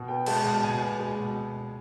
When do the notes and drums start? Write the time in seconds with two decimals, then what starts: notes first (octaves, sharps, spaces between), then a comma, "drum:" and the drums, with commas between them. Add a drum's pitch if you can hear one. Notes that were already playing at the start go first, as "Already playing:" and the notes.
Already playing: B2
0.08 B3 G5
0.26 G#3 A5, drum: cymbal
0.45 B2 A5
0.63 B2 G#5
0.82 B3
1.00 G#3
1.19 B2